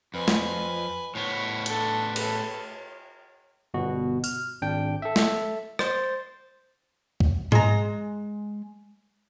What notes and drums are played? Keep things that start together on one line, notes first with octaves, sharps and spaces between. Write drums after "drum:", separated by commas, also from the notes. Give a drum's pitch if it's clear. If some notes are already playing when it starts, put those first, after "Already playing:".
F2 B4 G#5
drum: snare
A2 B3 C#5
D4 A4, drum: hi-hat
A4 B4, drum: cymbal
G1 B2 F#4
F6, drum: tambourine
G#1 D4 G5
A4 E5
drum: snare
C5 A6, drum: rim click
drum: kick
G#3 A#5, drum: tom G#2